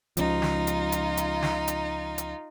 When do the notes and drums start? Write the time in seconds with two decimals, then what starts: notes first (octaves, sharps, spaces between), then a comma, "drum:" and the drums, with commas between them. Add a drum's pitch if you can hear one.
0.17 C#2 C#3 F3 D#4 F4, drum: hi-hat
0.42 drum: snare
0.67 drum: hi-hat
0.92 drum: hi-hat
1.17 drum: hi-hat
1.42 drum: snare
1.68 drum: hi-hat
2.18 drum: hi-hat